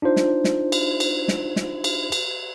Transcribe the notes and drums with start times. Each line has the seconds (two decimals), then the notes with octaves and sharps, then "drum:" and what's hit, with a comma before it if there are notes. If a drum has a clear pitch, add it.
0.02 D4 D#4 F4 C5
0.16 drum: snare
0.44 drum: snare
0.72 drum: cymbal
1.00 drum: cymbal
1.28 drum: snare
1.56 drum: snare
1.84 drum: cymbal
2.12 drum: cymbal